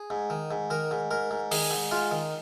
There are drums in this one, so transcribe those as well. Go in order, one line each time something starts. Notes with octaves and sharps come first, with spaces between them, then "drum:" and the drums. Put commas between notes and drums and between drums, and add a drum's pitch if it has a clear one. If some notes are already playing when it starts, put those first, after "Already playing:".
Already playing: G#4
G#2
D#3
G#2
D#3 A#4
G#2
G#2 A#4
G#2
D#3 G#4, drum: open hi-hat
G#2
G#2 F4
D#3